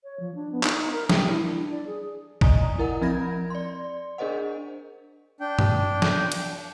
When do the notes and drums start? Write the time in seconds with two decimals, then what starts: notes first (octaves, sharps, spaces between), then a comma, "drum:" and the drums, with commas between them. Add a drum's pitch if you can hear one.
0.04 C#5
0.20 F3
0.35 D4
0.52 B3
0.63 D#4, drum: clap
0.75 D#4
0.93 A#4
1.10 G3, drum: snare
1.27 E4
1.46 D4
1.70 D5
1.87 G#4
2.41 D5 D#5 G#5 A#5 D#6, drum: kick
2.78 E4 A#4 F#5
3.01 F3 C4 A#4 B5 G#6 A#6
3.50 D5 C6
4.18 D4 G#4 A#4 C5 D#5 F#5
5.40 D4 G5
5.59 drum: tom G2
6.02 drum: snare
6.32 drum: cymbal